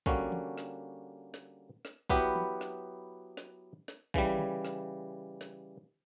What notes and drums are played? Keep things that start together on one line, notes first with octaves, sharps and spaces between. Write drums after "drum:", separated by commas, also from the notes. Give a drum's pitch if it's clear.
D3 G3 A#3 C#4 F#4, drum: kick
drum: tom
drum: snare
drum: snare
drum: snare
F#3 B3 E4 G4 B4, drum: kick
drum: tom
drum: snare
drum: snare
drum: snare
C#3 E3 G3, drum: kick
drum: tom D3
drum: snare
drum: snare